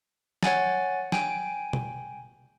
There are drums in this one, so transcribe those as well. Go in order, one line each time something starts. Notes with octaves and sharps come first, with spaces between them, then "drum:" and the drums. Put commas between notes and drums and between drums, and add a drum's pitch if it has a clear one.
C#5 F#5 G#5 A6, drum: snare
G5 G#5 D7, drum: snare
drum: tom B2